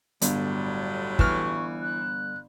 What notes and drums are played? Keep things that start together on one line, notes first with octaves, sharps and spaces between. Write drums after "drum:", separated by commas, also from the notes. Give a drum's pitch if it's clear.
G1 A2 F#3 G3, drum: hi-hat
E3 C#6 F6, drum: kick
F#6